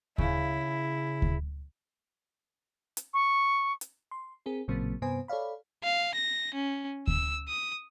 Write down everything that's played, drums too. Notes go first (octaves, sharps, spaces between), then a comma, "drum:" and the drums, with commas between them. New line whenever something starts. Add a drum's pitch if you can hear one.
C#3 E4, drum: kick D2
drum: kick D2
drum: hi-hat
C#6
drum: hi-hat
C6
C4 G#4 A#4
A1 A#2 C#3 F#3 A#3 C4
G2 C3 B3 C5 G#5
A4 C#5 D5 F5 B5
F5
A#6
C#4
E6, drum: kick D2
D#6